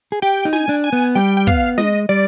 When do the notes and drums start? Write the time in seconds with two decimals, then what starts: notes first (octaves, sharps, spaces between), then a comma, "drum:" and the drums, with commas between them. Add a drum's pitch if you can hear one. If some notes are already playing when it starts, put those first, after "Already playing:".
0.12 G#4
0.22 G4 G5
0.45 D#4
0.53 G#5, drum: snare
0.69 D4
0.84 G#5
0.93 B3
1.15 G3 G5
1.37 G5
1.47 B3 F5, drum: kick
1.78 G#3 D#5, drum: snare
2.09 G3 D5